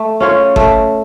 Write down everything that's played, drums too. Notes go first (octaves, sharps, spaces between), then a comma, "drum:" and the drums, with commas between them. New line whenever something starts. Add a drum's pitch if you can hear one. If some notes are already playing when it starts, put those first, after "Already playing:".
Already playing: A3
C#4 F4 C#5
A3, drum: kick G1